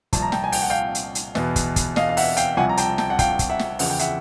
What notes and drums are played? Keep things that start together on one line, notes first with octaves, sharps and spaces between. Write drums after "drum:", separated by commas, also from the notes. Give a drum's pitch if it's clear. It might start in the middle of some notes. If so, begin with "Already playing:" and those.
C2 A#2 F3 A5, drum: kick, hi-hat
A#5
G5 A5, drum: snare
G#5
G5, drum: open hi-hat
F#5
F5 G5
drum: hi-hat
drum: hi-hat
E2 B2, drum: snare
drum: kick, hi-hat
drum: kick, hi-hat
D#5 F5, drum: snare
F5
E5 F#5, drum: open hi-hat
F5 G5, drum: hi-hat
C2 C3 F3 F#5 G#5
A#5
G5 A5, drum: hi-hat
G5 A5, drum: snare
F#5
F5 G5, drum: kick, hi-hat
drum: kick, hi-hat
E5 F#5
drum: snare
E2 C#3 F3 F#5, drum: open hi-hat
G5
E5 F#5, drum: hi-hat